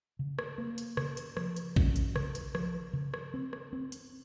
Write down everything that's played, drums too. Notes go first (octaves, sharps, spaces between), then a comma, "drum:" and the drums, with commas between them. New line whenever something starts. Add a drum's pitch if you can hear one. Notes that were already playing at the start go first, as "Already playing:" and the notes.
C#3
drum: rim click
A#3
drum: hi-hat
C#3, drum: rim click
drum: hi-hat
F3, drum: rim click
drum: hi-hat
C#4, drum: kick
drum: hi-hat
C#3, drum: rim click
drum: hi-hat
F3, drum: rim click
C#3
drum: rim click
C4
drum: rim click
C4
drum: hi-hat